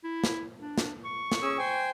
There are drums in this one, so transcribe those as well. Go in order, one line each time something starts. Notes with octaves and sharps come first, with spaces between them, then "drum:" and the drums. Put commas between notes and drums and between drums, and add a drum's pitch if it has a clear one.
E4
drum: snare
D4
drum: snare
C#6
drum: snare
C#4 G#4 E6
C5 G5 G#5